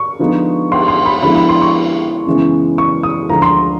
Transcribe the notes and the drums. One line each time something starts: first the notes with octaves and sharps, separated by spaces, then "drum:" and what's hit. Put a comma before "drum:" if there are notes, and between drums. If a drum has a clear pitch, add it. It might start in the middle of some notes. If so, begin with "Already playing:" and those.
Already playing: C#6
D3 F3 G#3 B3 D#4
C6, drum: cymbal
C6
B5
D3 F3 G#3 B3 E4 B5
B5
C6
C#6
F#2 C#3 E3 G#3 B3
C#6
D#6
D2 D3 F3 G#3 A#5
C6